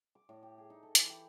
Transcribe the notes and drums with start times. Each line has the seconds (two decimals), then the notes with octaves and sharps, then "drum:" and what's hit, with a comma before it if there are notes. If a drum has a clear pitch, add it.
0.15 D6
0.29 A2
0.43 G4
0.58 G#4
0.70 D#4
0.83 A4
0.95 E3, drum: hi-hat
1.09 G4